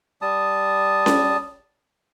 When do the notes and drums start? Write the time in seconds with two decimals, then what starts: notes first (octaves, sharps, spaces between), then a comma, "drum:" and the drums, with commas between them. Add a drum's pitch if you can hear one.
0.22 G3 A5 D#6
1.06 drum: snare C#4